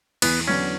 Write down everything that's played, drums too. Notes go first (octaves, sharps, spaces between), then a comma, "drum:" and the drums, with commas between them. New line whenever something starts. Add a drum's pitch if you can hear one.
E2 B3, drum: cymbal
D3 F#3 B3 C#4 D4